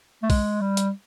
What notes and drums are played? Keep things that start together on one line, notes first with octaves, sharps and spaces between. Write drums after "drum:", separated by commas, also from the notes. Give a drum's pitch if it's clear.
A3
G#3, drum: kick, open hi-hat
G3
drum: hi-hat